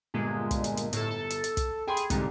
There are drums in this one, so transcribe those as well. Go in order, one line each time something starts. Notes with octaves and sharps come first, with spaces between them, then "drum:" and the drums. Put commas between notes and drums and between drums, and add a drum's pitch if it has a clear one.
G1 A#2 G#3
drum: kick, hi-hat
drum: hi-hat
drum: hi-hat
A2 A4, drum: hi-hat
A4
drum: hi-hat
drum: hi-hat
drum: kick, hi-hat
G#4 G5 B5 C6
drum: hi-hat
C2 G#2 D3, drum: kick, hi-hat